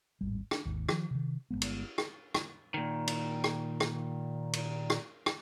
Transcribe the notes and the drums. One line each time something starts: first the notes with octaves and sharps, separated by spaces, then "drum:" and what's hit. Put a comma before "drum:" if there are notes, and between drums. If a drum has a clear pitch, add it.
D#1 G#1 A2 G3
D4, drum: rim click
G#1 D#2
D#3 F3, drum: rim click
C3 D#3
G1 E2 G#3 B3
drum: cymbal
drum: rim click
drum: rim click
A#2 D#3
drum: cymbal
drum: rim click
drum: rim click
drum: cymbal
drum: rim click
drum: rim click